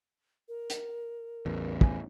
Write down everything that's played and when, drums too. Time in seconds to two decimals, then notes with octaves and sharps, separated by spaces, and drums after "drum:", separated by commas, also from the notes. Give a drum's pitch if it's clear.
0.49 A#4
0.70 drum: hi-hat
1.46 A1 E2
1.81 G#5, drum: kick